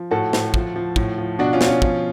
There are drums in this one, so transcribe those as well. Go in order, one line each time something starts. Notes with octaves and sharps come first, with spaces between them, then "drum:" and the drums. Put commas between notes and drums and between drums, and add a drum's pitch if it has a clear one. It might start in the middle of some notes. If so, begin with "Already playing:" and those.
Already playing: F3
A2 F#4 A4
A2, drum: snare
F3, drum: kick
F3
A2, drum: kick
F3
B2 D4 F#4
C#4 F4
B2, drum: snare
C#4 F4
F3, drum: kick